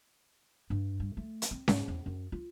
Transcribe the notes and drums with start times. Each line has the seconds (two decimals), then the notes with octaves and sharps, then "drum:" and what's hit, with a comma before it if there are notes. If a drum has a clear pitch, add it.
0.70 G2
1.00 G2
1.17 A3
1.42 drum: hi-hat
1.51 C4
1.68 G#2, drum: snare C#4
1.88 E2
2.06 F#2
2.32 F4